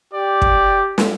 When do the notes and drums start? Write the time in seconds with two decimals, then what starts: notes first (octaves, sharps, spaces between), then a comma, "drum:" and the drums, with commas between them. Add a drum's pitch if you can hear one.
0.13 G4 D5
0.42 drum: kick
0.98 drum: snare